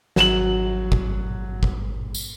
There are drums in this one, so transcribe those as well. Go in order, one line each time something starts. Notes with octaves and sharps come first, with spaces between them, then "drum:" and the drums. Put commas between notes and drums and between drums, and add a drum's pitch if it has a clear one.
G#1 F#3 E7 F#7, drum: snare
drum: kick
drum: kick
drum: tambourine